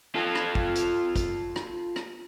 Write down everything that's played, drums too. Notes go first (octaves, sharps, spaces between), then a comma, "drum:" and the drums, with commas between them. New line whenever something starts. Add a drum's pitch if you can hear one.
F4 A4
drum: rim click
drum: kick
drum: hi-hat
drum: kick, hi-hat
drum: rim click
drum: rim click